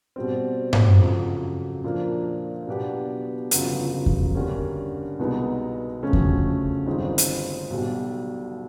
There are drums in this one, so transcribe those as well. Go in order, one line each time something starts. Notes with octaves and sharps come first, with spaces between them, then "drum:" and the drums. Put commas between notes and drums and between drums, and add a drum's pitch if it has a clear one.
B2 G3 C4
drum: tom G2
F2 C#3 F#3
A#2 F3 A#3 D4
B2 F#3 B3 D4 G4
G1 F2 C#3 F#3 B3, drum: hi-hat
drum: kick E2
G2 D3 G3 A#3 C#4
C2 B2 G#3 B3 D#4
D2 C#3 F3 A3 C#4
drum: kick E2
G1 G2 D#3 G#3 C4
drum: hi-hat
B1 B2 G3